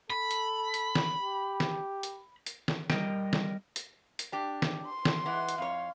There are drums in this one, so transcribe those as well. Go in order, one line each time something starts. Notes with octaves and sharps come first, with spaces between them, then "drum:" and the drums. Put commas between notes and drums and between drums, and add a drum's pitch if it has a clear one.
A4 B5
drum: hi-hat
drum: hi-hat
drum: snare
G4
drum: snare
drum: hi-hat
drum: hi-hat
drum: snare
G3 A#4 D#5 G5, drum: snare
drum: snare
drum: hi-hat
drum: hi-hat
D4 G4
drum: snare
C6
drum: snare
E3 G#3 F#5
drum: hi-hat
F2 C#5 F5